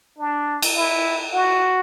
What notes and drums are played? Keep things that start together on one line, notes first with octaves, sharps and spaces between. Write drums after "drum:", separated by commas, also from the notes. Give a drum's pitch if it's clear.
D4
drum: cymbal
E4
F#4